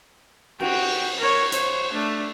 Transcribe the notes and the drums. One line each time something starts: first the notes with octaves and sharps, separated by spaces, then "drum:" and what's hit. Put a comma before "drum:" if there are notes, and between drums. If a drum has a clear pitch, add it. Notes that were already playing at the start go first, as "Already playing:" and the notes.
F#4 G5, drum: cymbal
A#4 C#5
C5 C#5, drum: hi-hat
A3 D4